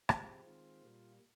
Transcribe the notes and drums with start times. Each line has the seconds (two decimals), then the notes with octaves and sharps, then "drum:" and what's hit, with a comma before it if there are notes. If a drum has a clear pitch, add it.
0.09 F3 G#3 C4 G4, drum: rim click
0.46 D#3 G#3 C4 F4
0.82 A#2 G3 A#3